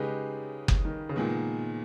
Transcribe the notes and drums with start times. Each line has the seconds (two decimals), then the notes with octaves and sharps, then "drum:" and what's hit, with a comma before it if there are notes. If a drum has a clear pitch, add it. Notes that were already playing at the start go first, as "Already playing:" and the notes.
Already playing: C#3 G#3 D#4 G4 B4
0.68 drum: kick F#1
0.85 D#3
1.09 C#3
1.16 A#2 D#3 G#3 B3